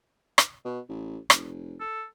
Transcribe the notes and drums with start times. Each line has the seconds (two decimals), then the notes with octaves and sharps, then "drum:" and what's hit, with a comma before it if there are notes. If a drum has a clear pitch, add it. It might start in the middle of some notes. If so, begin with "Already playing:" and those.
0.38 drum: rim click
0.65 B2
0.89 A1
1.30 F1, drum: rim click
1.80 A4